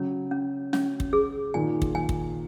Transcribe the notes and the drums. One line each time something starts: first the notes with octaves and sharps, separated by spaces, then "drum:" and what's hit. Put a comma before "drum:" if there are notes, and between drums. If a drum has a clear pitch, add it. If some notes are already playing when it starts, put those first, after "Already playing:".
Already playing: C#3 F#3 C#4
C#4
C#4, drum: snare
drum: kick
G#4
A#2 D#3 G#5
drum: kick
G#5
drum: kick